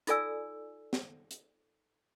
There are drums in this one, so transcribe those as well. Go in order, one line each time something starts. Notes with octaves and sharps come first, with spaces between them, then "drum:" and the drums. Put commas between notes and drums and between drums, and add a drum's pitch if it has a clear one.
D#4 F4 A4 D5 G#5 E6, drum: hi-hat
drum: snare
drum: hi-hat